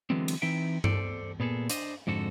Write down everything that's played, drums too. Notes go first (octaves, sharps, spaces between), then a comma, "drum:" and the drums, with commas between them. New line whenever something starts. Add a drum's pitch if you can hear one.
D3 E3 F#3 G#3 B3 C4
drum: cymbal
E3 C4 D#4 E5 G5
A4 C5 D5, drum: tom G2
A#2 B3 G#4 A4
D4 C5 D#5, drum: hi-hat
F2 G#2 D3 F#4 A4